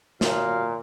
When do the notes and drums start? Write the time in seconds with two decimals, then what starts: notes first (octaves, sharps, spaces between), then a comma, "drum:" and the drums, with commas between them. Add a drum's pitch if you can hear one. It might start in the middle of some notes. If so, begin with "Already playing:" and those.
0.21 A#2 F#3 F5, drum: snare